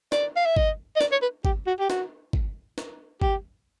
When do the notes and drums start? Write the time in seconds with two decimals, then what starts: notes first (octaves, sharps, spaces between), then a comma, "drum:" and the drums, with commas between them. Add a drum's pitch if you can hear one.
0.12 D5, drum: snare
0.36 F5
0.46 E5
0.57 D#5, drum: kick
0.96 D#5
1.01 D5, drum: snare
1.12 C#5
1.22 B4
1.45 G4, drum: kick
1.66 F#4
1.79 G4
1.90 F#4, drum: snare
2.33 drum: kick
2.78 drum: snare
3.22 G4, drum: kick